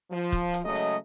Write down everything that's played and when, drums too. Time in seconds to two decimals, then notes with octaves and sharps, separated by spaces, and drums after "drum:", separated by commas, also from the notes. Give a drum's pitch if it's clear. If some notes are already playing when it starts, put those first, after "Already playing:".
0.11 F3
0.32 drum: kick
0.54 drum: hi-hat
0.64 C#3 F#3 G#3 A3 D#5
0.75 drum: hi-hat